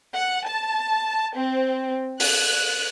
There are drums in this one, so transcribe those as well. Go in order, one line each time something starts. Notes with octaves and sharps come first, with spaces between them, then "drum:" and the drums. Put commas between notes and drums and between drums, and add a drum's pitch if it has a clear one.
F#5
A5
C4
F#6, drum: open hi-hat